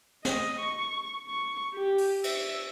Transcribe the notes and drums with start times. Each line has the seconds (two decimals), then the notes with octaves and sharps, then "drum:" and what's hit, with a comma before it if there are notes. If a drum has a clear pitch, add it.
0.25 D#5, drum: snare
0.59 C#6
1.27 C#6
1.74 G4
1.98 drum: open hi-hat
2.24 E5, drum: cymbal